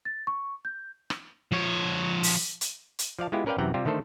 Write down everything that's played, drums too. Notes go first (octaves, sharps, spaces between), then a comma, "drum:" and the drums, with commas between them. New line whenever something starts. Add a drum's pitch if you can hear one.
A6
C#6
G6
drum: rim click
F3 C#5
drum: open hi-hat
drum: hi-hat
drum: hi-hat
F3 D5 F5 A5
G#3 B3 E4 F4 G4
C#4 A#4 B4 D5 F5 G5
F#2 C3 E3 F#5 G5 A#5
C3 G3 F4 G4
D3 D#3 A3 A4 C5